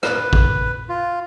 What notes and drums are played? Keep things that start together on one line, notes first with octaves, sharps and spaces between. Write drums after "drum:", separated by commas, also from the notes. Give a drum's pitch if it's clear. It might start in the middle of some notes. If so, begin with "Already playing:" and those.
B4, drum: rim click
drum: kick
F4